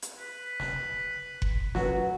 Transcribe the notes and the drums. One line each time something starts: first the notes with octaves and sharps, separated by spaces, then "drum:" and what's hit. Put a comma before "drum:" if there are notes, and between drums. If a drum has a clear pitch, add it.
drum: hi-hat
B4
drum: snare
drum: kick F#1
F#2 F#3 F#4 B4, drum: snare